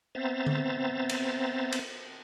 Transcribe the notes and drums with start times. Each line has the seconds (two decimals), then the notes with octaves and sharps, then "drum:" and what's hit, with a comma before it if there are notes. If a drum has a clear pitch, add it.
0.15 B3 C4 C5 E5 A#5 A6
0.46 drum: tom D3
1.09 drum: cymbal
1.72 drum: cymbal